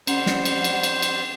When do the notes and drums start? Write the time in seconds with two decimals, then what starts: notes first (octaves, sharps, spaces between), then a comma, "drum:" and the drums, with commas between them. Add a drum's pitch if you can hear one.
0.07 F2 G3 C#4 C5 F#5, drum: cymbal
0.26 drum: snare
0.45 drum: cymbal
0.64 drum: cymbal
0.83 drum: cymbal
1.02 drum: cymbal